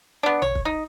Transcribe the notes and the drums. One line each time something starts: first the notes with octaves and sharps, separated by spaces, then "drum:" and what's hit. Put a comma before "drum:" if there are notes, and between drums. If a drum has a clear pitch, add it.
B3 D4
C#5, drum: tom A1
drum: kick
D#4